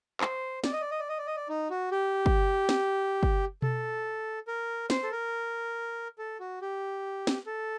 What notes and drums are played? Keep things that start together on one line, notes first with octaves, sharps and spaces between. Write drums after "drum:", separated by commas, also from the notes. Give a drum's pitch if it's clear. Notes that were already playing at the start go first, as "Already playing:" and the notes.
C5, drum: clap
D5, drum: snare
D#5
D5
D#5
D5
D#5
D5
D#5
D5
D#4
F#4
G4
drum: kick
drum: snare
drum: kick
A4, drum: tom B2
A#4
C5, drum: snare
A4
A#4
A4
F#4
G4
drum: snare
A4